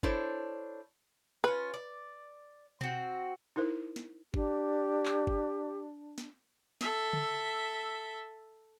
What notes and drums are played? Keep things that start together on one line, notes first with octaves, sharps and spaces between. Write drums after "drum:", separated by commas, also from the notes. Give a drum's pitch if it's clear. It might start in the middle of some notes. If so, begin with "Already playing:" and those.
D4 E4 A4 C5 C#5, drum: kick
C#4 F4 B4
D5
C4 F#4, drum: tom B2
D#4 E4 A#4 C5
drum: snare
D4 G4, drum: kick
drum: clap
drum: kick
drum: snare
A4 E5, drum: snare
drum: tom C#3